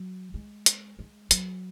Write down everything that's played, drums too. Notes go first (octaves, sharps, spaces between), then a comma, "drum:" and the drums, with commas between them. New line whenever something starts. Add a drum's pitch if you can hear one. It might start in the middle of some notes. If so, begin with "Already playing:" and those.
Already playing: F#3
G#3
drum: hi-hat
G#3
F#3, drum: hi-hat